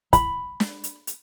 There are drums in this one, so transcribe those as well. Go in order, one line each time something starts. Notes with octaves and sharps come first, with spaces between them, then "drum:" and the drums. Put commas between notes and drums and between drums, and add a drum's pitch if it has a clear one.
B5, drum: kick, hi-hat
drum: snare
drum: hi-hat
drum: hi-hat